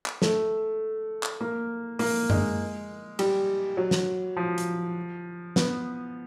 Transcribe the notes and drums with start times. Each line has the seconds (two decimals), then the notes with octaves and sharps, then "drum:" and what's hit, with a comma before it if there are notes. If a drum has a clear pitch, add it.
0.06 drum: clap
0.22 A3, drum: snare
1.23 drum: clap
1.41 A#3
1.99 A#3, drum: open hi-hat
2.30 G#3, drum: tom F#2
3.19 G3, drum: cymbal
3.77 F#3
3.91 drum: snare
4.37 F3
4.58 drum: hi-hat
5.56 B3, drum: snare